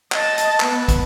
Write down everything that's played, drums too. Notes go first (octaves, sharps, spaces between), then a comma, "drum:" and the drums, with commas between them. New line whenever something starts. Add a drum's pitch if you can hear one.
D#5 A5, drum: clap
drum: hi-hat
B3, drum: clap
drum: kick, hi-hat